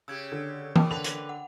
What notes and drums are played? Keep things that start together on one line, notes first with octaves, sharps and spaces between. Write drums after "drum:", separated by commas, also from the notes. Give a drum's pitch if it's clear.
C#3 G4 E6 G#6
D3
E2 B2 A#4 G5 A5 D6, drum: tom E3
D3 B4 F7
drum: hi-hat
F#5